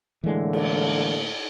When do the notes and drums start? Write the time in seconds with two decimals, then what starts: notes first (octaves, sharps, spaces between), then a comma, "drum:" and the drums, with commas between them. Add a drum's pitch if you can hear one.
0.24 A2 D3 E3 G#3 A#3
0.53 drum: cymbal